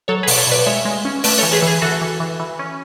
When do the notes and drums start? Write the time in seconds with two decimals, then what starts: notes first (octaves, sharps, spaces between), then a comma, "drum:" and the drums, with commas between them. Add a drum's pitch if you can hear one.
0.08 F#3 A4 C#5
0.23 G#4 B4
0.27 B2 D5, drum: open hi-hat
0.37 A4 C#5
0.47 B2 B4 D5
0.66 G#3 C#5 E5
0.85 G#3
1.05 C#4
1.24 A3 B4 D5, drum: open hi-hat
1.38 A4 C#5
1.43 E3
1.53 G#4 B4
1.62 E3
1.67 G#4
1.82 E3 F#4 A4
2.01 E3
2.20 E3
2.40 E3
2.59 C#4